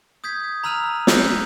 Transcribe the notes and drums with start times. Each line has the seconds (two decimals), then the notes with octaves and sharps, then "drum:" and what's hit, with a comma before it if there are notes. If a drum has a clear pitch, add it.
0.24 D#6 G6 G#6 B6
0.63 A#5 B5 E6 F6 D#7 F7
1.07 D6 E6 F#6 G6 B6, drum: snare